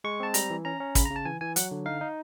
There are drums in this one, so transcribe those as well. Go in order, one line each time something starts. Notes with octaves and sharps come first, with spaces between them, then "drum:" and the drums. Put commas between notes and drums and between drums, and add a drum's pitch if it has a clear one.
G#3 C#6
C4 A5
G3 A#5, drum: hi-hat
E3
C#4 A#5
C#4
C#3 B5, drum: kick, hi-hat
C#3 A#5
A5
E3 G#5
E3 G#5
F#3 F#5, drum: hi-hat
D3
D#4 F5
D#4